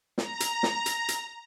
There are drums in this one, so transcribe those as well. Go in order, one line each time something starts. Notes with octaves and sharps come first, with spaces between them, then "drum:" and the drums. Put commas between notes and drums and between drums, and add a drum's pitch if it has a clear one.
A#5, drum: snare
drum: hi-hat
drum: snare
drum: hi-hat
drum: hi-hat